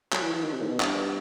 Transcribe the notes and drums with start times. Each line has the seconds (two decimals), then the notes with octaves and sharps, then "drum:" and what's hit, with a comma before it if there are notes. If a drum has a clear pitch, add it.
0.13 F#3, drum: clap
0.22 E3
0.33 E3
0.43 D#3
0.53 C3
0.61 A2
0.66 B2
0.80 G2, drum: clap